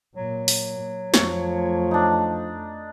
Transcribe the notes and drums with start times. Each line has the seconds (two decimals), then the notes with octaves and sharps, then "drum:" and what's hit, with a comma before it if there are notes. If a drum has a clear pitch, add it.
0.16 A#2 F#3
0.48 drum: open hi-hat
1.14 F2 F3 A3 C#5, drum: snare
1.91 D4 D#4